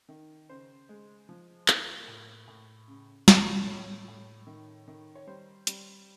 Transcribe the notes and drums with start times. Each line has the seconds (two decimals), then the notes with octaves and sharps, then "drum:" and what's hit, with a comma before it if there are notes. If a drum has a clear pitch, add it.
0.09 D#3
0.49 C#3 C5
0.89 G#3
1.29 F3
1.68 A#3, drum: clap
2.08 A2
2.48 A2
2.88 C#3
3.28 C#3, drum: snare
3.67 A2 C#5
4.08 A2
4.47 D#3
4.88 D#3
5.15 C#5
5.27 G3 C5
5.67 G3, drum: hi-hat